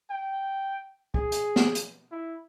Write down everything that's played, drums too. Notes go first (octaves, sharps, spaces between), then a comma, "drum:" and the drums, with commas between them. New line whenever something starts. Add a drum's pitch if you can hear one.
G5
G#4, drum: kick
drum: hi-hat
drum: snare
drum: hi-hat
E4